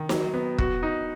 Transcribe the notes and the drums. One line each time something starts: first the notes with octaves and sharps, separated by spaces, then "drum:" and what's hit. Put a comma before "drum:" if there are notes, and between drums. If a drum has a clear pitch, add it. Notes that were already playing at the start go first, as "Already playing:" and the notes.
Already playing: D#3
F#3, drum: snare
B3
F#4, drum: kick
D#4